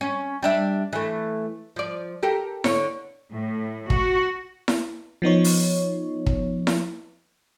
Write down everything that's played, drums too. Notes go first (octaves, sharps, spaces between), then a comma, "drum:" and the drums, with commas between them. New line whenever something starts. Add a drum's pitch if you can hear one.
C#4
G3 D4 E5
E3 A3
F3 D5
G4 A4 A#4
D3 C#5, drum: snare E4
A2
F#4, drum: kick
drum: snare E4
F3 B3 D#4 C#5
drum: open hi-hat
drum: kick
drum: snare E4